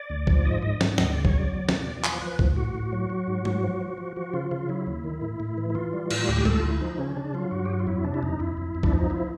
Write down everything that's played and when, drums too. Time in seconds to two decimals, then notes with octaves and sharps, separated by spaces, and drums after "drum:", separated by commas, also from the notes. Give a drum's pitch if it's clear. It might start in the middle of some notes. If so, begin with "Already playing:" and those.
Already playing: D5
0.10 D2
0.27 F3, drum: kick C2
0.45 G#2 D#5
0.62 G#2 D#5
0.81 G#2, drum: snare
0.98 D2 D#5, drum: snare
1.11 C#3 D5
1.25 C#5, drum: kick C2
1.33 F#3 D5
1.51 E2
1.69 B2, drum: snare
1.86 E2
2.04 F3, drum: clap
2.21 F3 B4
2.39 A2, drum: kick C2
2.56 A2 F#4
2.75 A2
2.93 F#3
3.10 F#3
3.28 G#2
3.45 F#3, drum: tom G#3
3.63 F3
3.81 F3
3.98 F3
4.16 F3 F#4
4.33 C#3 F4
4.51 C#3 F4
4.69 F#3 E4
4.87 D#2
5.04 D#3
5.21 A2
5.40 A2
5.58 E3
5.70 E4
5.75 E3 F4
5.93 G3
6.11 A2, drum: cymbal
6.28 D2 G4
6.45 D2 A4, drum: tom G#3
6.60 D2 F4
6.70 E4
6.80 F3 D#4
6.98 C#3 C#4
7.16 C#3 D4
7.34 F#3 F4
7.51 G2 F#4
7.65 G4
7.70 F#3 F#4
7.80 F4
7.87 F2 E4
8.04 C3 D4
8.14 E4
8.23 F2 D#4
8.39 F2 E4
8.57 F2
8.75 F2
8.83 D4, drum: kick C2
8.93 F3 D#4
9.10 F3 E4